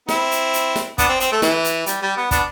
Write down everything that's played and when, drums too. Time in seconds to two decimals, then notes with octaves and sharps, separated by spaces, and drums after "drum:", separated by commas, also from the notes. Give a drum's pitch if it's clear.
0.09 C4 E4, drum: snare
0.31 drum: hi-hat
0.53 drum: hi-hat
0.76 drum: snare
0.98 B3 D4, drum: kick, hi-hat
1.08 C4
1.20 C4, drum: hi-hat
1.31 A3
1.42 E3, drum: snare
1.64 drum: hi-hat
1.86 G3, drum: hi-hat
2.02 G3
2.17 B3
2.31 B3 D4, drum: kick, hi-hat